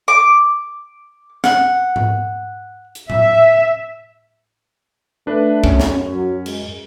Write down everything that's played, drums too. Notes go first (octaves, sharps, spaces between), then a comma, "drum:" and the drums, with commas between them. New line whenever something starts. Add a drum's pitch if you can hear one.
D6
F#5, drum: snare
drum: tom G#2
drum: hi-hat
E5, drum: tom A2
A3 D4 B4
F#2 C#4, drum: kick
drum: snare
F#3
G#3, drum: cymbal